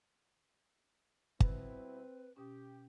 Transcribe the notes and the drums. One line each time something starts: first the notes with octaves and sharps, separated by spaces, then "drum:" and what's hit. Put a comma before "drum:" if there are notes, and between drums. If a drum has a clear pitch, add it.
B2 G3 C4 E4 B4, drum: kick
B2 C#4 G4